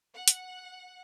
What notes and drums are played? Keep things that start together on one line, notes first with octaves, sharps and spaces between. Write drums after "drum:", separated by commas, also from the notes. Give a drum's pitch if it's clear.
F#5
drum: hi-hat